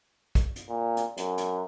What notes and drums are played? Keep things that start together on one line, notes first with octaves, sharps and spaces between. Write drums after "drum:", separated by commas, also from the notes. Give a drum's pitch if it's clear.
drum: kick, hi-hat
drum: hi-hat
A#2
drum: hi-hat
F#2, drum: hi-hat
drum: hi-hat